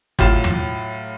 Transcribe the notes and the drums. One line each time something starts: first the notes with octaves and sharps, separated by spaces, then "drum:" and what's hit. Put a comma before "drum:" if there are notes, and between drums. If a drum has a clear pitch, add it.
A2 F#3 F4 E7, drum: kick
drum: tom